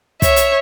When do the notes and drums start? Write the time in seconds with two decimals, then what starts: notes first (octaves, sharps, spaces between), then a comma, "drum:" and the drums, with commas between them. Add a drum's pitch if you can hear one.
0.22 C#5 E5, drum: kick, hi-hat
0.36 drum: hi-hat